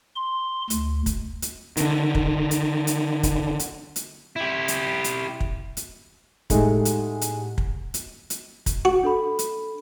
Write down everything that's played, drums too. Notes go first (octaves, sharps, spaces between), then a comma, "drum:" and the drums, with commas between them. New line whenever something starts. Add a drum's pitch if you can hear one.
C6
D2, drum: hi-hat
drum: kick, hi-hat
drum: hi-hat
D3 D#3, drum: hi-hat
drum: kick
drum: hi-hat
drum: hi-hat
drum: kick, hi-hat
drum: hi-hat
drum: hi-hat
E4 G4
drum: hi-hat
drum: hi-hat
drum: kick
drum: hi-hat
A2 G#3 A3 D#4 G4 F#5, drum: kick, hi-hat
drum: hi-hat
drum: hi-hat
drum: kick
drum: hi-hat
drum: hi-hat
drum: kick, hi-hat
F#4
D4 A4 B5
drum: hi-hat